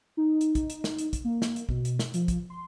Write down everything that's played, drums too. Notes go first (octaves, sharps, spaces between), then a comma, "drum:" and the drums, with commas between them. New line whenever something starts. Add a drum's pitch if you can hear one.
D#4
drum: hi-hat
drum: kick, hi-hat
drum: hi-hat
drum: snare
drum: hi-hat
drum: kick, hi-hat
A#3
drum: snare
drum: hi-hat
B2, drum: kick
drum: hi-hat
drum: snare
F3, drum: hi-hat
drum: kick, hi-hat
C6